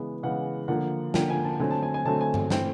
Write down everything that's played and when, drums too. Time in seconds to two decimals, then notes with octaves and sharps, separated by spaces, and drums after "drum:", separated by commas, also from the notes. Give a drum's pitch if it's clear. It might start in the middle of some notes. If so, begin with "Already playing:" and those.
Already playing: C#3 E3 G#3 B3
0.23 C#3 E3 G#3 B3 F#5
0.68 D3 F3 A#3 F#5
1.14 D3 F3 A#3 G5, drum: snare
1.30 G#5
1.45 A5
1.60 D3 F#3 A3 C4 G#5
1.71 A5
1.83 G#5
1.94 G#5
2.05 D3 F#3 A3 C4 A5
2.21 G#5
2.34 drum: tom G2
2.50 E3 A3 C4 G5, drum: snare